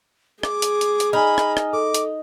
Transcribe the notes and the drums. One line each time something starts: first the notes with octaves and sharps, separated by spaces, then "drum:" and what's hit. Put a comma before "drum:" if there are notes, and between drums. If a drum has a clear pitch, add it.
G#4 D6, drum: rim click
drum: hi-hat
drum: hi-hat
drum: hi-hat
D#4 G#5 B5 F6
drum: rim click
drum: rim click
A4 D6
drum: hi-hat